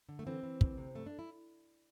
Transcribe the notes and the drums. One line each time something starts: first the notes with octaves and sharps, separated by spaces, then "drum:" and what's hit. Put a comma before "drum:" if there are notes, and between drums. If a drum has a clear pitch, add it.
D3
A3
E3 C4
E3
D2, drum: kick
C3
G2 A3
D4
E4